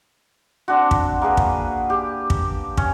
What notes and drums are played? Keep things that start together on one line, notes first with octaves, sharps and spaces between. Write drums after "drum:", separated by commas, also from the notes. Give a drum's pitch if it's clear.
C4 D4 F#4
drum: kick
A#3 G#4 B4
drum: kick
G4
drum: kick
C#4, drum: kick